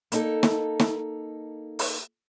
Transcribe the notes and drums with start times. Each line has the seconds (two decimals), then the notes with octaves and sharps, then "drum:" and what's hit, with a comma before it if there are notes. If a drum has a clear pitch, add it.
0.12 A#3 D#4 A4, drum: hi-hat
0.43 drum: snare
0.79 drum: snare
1.79 drum: open hi-hat